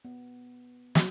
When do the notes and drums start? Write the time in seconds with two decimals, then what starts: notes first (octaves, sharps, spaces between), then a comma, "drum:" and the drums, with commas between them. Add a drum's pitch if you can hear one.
0.05 B3
0.95 F#3, drum: snare